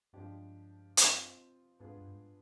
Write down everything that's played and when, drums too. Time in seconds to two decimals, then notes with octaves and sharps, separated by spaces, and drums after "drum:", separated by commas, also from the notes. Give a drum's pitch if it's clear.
0.13 G2 F3 G#3 D4 G4
0.97 C4 F4 C5 D#5, drum: hi-hat
1.80 G#2 B3 D4 F4 G#4 B4
1.97 G2
2.08 G#2